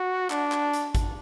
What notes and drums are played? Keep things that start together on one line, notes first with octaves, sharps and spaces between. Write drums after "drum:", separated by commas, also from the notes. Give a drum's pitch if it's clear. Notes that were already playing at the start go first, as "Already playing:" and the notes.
Already playing: F#4
D4, drum: clap
drum: clap
drum: hi-hat
drum: kick G#1, hi-hat